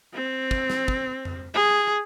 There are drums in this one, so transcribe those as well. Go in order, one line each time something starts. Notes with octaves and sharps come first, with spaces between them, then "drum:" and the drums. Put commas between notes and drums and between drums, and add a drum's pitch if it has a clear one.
C4
drum: kick
drum: snare
drum: kick
drum: tom F2
G#4